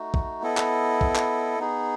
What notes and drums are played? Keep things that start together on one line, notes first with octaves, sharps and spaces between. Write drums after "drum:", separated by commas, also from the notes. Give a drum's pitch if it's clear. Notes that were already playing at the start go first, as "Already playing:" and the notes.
Already playing: A3 D#4 F#4
drum: kick
B3 E4 A4 D#5
drum: clap
drum: kick
drum: clap
B3 D#4 G#4